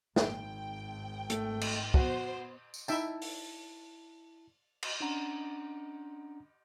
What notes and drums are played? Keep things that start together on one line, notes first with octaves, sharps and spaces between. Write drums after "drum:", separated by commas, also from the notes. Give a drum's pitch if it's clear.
G#1 G5, drum: snare
A3, drum: hi-hat
drum: cymbal
B3 F#4 C5, drum: kick
drum: tambourine
D#4 E4 E5 G5 A5, drum: tambourine
drum: open hi-hat
drum: cymbal
C#4 D4 F#5 A#5